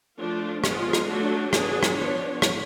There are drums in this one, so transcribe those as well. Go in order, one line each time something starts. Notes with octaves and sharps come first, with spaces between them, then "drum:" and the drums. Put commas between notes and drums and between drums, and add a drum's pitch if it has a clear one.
F3 A3 D4 F4
F3 G#3 B3 F4, drum: rim click
drum: rim click
F#3 A3 D4 F#4
F#3 B3 D4 G#4, drum: rim click
drum: rim click
F3 B3 D4 C#5
drum: rim click